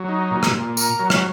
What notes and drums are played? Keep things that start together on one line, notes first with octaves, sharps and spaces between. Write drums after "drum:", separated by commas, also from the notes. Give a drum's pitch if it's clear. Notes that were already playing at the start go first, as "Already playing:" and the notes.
Already playing: F#3
D#4
A#2
drum: rim click
A#2
A#4, drum: tambourine
F#3
drum: rim click